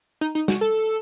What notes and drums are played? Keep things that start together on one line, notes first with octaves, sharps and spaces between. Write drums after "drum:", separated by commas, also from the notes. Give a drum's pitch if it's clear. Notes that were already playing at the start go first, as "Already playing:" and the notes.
D#4
D#4
F#4, drum: snare
A4